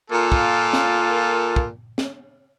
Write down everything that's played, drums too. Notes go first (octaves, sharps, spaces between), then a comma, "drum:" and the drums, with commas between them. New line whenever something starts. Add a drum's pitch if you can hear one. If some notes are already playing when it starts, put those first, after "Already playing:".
A#2 A#3 F4 A4
drum: kick
drum: snare
drum: kick
drum: snare